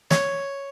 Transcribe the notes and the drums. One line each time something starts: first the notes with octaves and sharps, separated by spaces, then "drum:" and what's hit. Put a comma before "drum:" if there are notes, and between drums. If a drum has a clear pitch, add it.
C#5, drum: snare